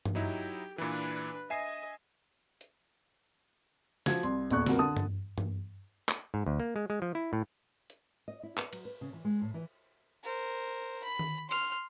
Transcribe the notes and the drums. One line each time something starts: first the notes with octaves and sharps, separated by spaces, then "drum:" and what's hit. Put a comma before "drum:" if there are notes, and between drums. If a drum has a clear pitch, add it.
drum: tom G2
F#3 D#4 E4 G4
A#2 E3 D4 B4
D#5 E5 G#5 C7
drum: hi-hat
F3 F#4 G#6, drum: snare
C2 C6, drum: hi-hat
D#1 A#1 E2 C#6 F#6, drum: hi-hat
C2 F2 A#2 B3 F#4 A#4, drum: snare
D3 A5 D#6
drum: tom G2
drum: tom G2
drum: clap
G#2
D2
A#3
G#3
G#3
F3
E4
A2
drum: hi-hat
D#5
E4
B4, drum: clap
F#3, drum: cymbal
B4
C#3
E3
G#3
A2
E3
A#4 C5
B5
drum: tom D#3
C6 F6